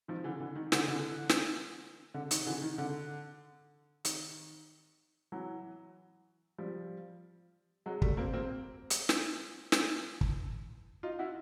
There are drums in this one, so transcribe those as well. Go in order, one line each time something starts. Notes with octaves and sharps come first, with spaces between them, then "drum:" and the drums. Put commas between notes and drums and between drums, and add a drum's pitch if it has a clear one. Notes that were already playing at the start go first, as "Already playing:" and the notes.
D#3 F3
D3 E3
D3 E3
D#3
D3, drum: snare
D3 E3
drum: snare
D3
D#3, drum: hi-hat
D3 E3
D#3
D3
D#3, drum: hi-hat
E3 F#3
F3 G3
F#3 G#3
G3 A3, drum: kick
A#3 C4
A#3 C4
drum: hi-hat
drum: snare
drum: snare
drum: kick
D#4 F4
E4 F#4